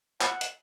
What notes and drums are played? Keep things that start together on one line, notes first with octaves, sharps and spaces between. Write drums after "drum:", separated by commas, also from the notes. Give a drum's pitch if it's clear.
F#5, drum: clap
drum: hi-hat